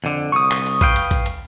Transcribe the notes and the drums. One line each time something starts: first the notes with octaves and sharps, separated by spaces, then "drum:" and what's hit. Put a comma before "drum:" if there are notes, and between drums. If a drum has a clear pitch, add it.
F2 D3
C2 C#6 D#6
drum: clap
drum: open hi-hat
B4 F5 G5, drum: kick A#1, hi-hat
drum: hi-hat
drum: kick A#1, hi-hat
drum: hi-hat